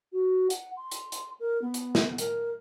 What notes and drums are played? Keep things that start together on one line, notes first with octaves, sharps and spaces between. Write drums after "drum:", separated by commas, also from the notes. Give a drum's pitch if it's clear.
F#4
F#5, drum: hi-hat
C6
drum: hi-hat
drum: hi-hat
A#4
B3
drum: hi-hat
drum: snare
A#4, drum: hi-hat